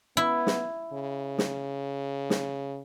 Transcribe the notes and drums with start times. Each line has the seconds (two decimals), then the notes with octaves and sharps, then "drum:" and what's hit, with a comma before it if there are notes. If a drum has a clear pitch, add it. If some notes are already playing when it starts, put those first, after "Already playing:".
0.17 B3 E4
0.47 drum: snare
0.93 C#3
1.38 drum: snare
2.30 drum: snare